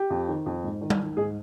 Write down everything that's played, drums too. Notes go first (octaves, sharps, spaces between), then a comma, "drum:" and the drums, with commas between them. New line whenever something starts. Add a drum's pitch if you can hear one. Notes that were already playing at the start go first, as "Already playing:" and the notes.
Already playing: G4
F2
D#3
F2
G#2
D#3
drum: tom G3
D#3
G#2 G#4